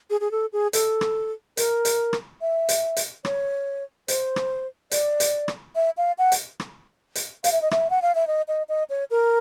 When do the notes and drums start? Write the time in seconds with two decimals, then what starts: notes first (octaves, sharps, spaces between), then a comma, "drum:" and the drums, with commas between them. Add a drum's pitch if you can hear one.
0.10 G#4
0.21 G#4
0.31 A4
0.53 G#4
0.73 A4, drum: hi-hat
1.01 drum: rim click
1.57 A#4, drum: hi-hat
1.85 drum: hi-hat
2.13 drum: rim click
2.41 E5
2.69 drum: hi-hat
2.97 drum: hi-hat
3.25 C#5, drum: rim click
4.08 C5, drum: hi-hat
4.36 drum: rim click
4.91 D5, drum: hi-hat
5.20 drum: hi-hat
5.48 drum: rim click
5.76 E5
5.97 F5
6.18 F#5
6.32 drum: hi-hat
6.60 drum: rim click
7.15 drum: hi-hat
7.44 F5, drum: hi-hat
7.52 E5
7.62 D#5
7.71 E5, drum: rim click
7.90 F#5
8.02 F5
8.15 E5
8.27 D#5
8.48 D#5
8.69 D#5
8.90 C#5
9.11 A#4